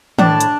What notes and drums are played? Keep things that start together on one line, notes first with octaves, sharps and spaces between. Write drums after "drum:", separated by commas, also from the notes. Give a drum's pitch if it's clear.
A2 D4, drum: tom D#3
drum: hi-hat